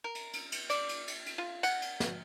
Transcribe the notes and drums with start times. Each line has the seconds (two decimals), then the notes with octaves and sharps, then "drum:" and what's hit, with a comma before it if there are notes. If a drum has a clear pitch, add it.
0.04 A#4
0.15 drum: cymbal
0.33 drum: cymbal
0.52 drum: cymbal
0.70 D5, drum: cymbal
0.89 drum: cymbal
1.08 drum: cymbal
1.26 drum: cymbal
1.38 F4
1.63 F#5, drum: cymbal
1.82 drum: cymbal
2.00 drum: snare